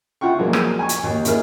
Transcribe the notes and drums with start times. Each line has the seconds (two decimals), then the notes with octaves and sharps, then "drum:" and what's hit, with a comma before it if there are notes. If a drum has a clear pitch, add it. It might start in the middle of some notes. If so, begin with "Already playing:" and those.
0.21 E4 F4 F#5 G5 C#6
0.39 A#2 F3 F#3 G#3 A#3
0.53 drum: rim click
0.79 G#5 C#6
0.89 drum: hi-hat
1.03 D#2
1.25 D#2 E4 G#4 A#4 F6, drum: hi-hat